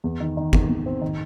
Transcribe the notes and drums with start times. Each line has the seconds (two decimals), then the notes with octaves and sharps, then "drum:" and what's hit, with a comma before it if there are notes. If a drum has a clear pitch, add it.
0.04 E2
0.20 D#3
0.37 D#3
0.53 E2, drum: kick G1
0.69 E2
0.86 C4
1.01 D#3